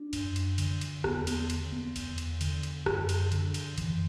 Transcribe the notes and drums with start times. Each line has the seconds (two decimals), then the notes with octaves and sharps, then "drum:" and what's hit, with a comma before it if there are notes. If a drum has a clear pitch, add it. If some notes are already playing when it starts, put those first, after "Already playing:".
Already playing: D4
0.13 F#2, drum: cymbal
0.36 drum: cymbal
0.58 D3, drum: cymbal
0.81 drum: cymbal
1.04 E2 B3, drum: rim click
1.27 B3, drum: cymbal
1.50 D3, drum: cymbal
1.72 B3
1.96 E2, drum: cymbal
2.18 drum: cymbal
2.41 D3, drum: cymbal
2.63 drum: cymbal
2.86 F#2, drum: rim click
3.09 drum: cymbal
3.32 D3, drum: cymbal
3.54 drum: cymbal
3.78 F#2 E3, drum: cymbal